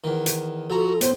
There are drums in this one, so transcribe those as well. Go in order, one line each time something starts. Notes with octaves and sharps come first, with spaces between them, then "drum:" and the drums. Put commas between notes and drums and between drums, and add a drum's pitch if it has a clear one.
E2 D#3
drum: hi-hat
F3 F#4 A4 A#5
A2 B3 C5, drum: hi-hat